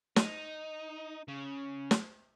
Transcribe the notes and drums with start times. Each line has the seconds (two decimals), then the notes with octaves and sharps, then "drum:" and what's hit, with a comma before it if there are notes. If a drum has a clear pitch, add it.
0.16 D#4, drum: snare
1.28 C#3
1.91 drum: snare